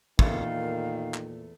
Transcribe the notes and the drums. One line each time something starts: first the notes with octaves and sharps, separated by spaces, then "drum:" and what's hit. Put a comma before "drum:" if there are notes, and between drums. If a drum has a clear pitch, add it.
E2 A#2 D#3 A3 F5, drum: kick
drum: clap